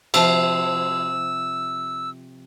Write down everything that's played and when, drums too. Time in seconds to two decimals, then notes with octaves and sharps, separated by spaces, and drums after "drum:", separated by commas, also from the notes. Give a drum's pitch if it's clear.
0.14 C3 F3 E6, drum: cymbal